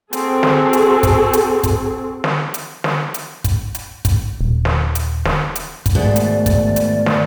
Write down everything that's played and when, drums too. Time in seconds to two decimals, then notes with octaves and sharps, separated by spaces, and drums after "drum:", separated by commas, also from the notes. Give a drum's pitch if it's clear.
0.13 C4 F#4 G#4 A4, drum: hi-hat
0.43 drum: snare
0.73 drum: hi-hat
1.03 drum: kick, hi-hat
1.33 drum: hi-hat
1.63 drum: kick, hi-hat
2.24 drum: snare
2.54 drum: hi-hat
2.84 drum: snare
3.14 drum: hi-hat
3.44 drum: kick, hi-hat
3.75 drum: hi-hat
4.05 drum: kick, hi-hat
4.41 D#1
4.65 drum: snare
4.95 drum: hi-hat
5.25 drum: snare
5.56 drum: hi-hat
5.86 drum: kick, hi-hat
5.95 G#2 B2 D#3 A3 D5
6.16 drum: hi-hat
6.46 drum: kick, hi-hat
6.76 drum: hi-hat
7.06 drum: snare